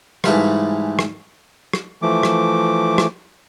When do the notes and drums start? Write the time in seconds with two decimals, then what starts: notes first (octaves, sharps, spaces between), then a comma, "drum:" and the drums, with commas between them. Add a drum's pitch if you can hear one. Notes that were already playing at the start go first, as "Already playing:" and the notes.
0.24 G#2 E3 G3 A3 F5 B5, drum: rim click
0.99 drum: rim click
1.73 drum: rim click
2.02 E3 F3 A3 D6
2.23 drum: rim click
2.98 drum: rim click